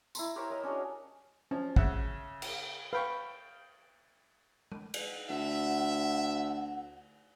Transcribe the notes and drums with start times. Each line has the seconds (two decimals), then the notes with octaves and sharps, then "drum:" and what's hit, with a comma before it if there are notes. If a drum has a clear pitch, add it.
0.15 E4 A#5 C6, drum: tambourine
0.36 G4 A#4 C5 C#5
0.50 A#4 D#5
0.63 C#4 D4 F#4 G#4
1.51 F3 C#4
1.76 C#3 E5 F#5, drum: kick
2.42 drum: cymbal
2.93 B4 F5 G5 B5 C#6
4.72 drum: tom G#3
4.94 drum: cymbal
5.29 D2 E5 F#5